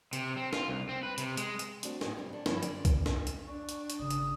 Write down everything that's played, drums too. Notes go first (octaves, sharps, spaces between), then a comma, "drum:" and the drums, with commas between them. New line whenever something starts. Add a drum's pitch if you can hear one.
C3, drum: hi-hat
C4
F4, drum: snare
C2
C4
B4
C3, drum: hi-hat
G#3, drum: hi-hat
drum: hi-hat
A3 C4 D4 F#4, drum: hi-hat
A2 G#4, drum: snare
C3 G3 C4
D4 A4
G2 D3 F3 A#3 C#4 E4, drum: snare
D3 G#3 D4 F4 D5, drum: hi-hat
drum: kick, hi-hat
drum: snare
drum: hi-hat
D4 C#6
drum: hi-hat
drum: hi-hat
G#1 C#3 D#6
drum: hi-hat